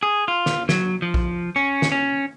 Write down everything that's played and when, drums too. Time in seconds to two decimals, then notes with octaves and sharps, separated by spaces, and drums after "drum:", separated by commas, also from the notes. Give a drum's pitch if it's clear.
0.03 G#4
0.28 F4
0.46 drum: snare
0.69 F#3, drum: snare
1.02 F3
1.14 drum: kick A#1
1.56 C#4
1.82 drum: snare
1.92 C#4